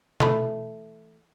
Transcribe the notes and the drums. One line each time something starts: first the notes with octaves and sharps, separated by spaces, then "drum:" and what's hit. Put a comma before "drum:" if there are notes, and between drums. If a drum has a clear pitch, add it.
E3 A3 B5, drum: tom B2